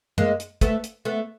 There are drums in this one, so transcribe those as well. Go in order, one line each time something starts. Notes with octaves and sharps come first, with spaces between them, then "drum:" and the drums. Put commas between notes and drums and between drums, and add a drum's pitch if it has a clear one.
G#3 A#3, drum: tom F#2
drum: hi-hat
A3 B3, drum: kick, hi-hat
drum: hi-hat
A3 B3